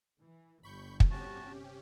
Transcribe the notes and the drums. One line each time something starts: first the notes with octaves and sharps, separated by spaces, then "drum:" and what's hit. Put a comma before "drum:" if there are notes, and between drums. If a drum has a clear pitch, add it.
E3
G1 B5 C#6 G6
drum: kick
C3 C#4 F#4 G4 A5